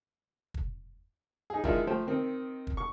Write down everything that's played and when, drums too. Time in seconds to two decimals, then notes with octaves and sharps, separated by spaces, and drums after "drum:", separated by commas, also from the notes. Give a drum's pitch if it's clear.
0.54 drum: kick
1.50 D#4 G#4
1.64 D#3 F3 G#3 D4 E4 F4, drum: kick
1.87 F3 A3 C5 G5
2.07 D#3 C4
2.67 drum: kick
2.77 C#6